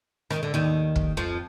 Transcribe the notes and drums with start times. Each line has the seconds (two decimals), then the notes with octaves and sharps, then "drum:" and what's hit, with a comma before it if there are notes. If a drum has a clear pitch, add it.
0.30 D#3, drum: rim click
0.43 D3
0.54 D#2 D#3
0.96 drum: kick
1.17 F2 F3